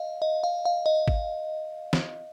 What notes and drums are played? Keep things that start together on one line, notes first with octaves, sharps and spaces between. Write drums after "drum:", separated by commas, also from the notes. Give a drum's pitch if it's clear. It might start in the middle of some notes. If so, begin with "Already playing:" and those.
Already playing: D#5 F5
D#5
F5
F5
D#5
drum: kick G#1
drum: snare